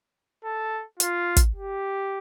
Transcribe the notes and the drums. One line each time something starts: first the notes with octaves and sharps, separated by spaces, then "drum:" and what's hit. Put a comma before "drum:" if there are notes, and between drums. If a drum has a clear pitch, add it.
A4
F4, drum: hi-hat
drum: kick, hi-hat
G4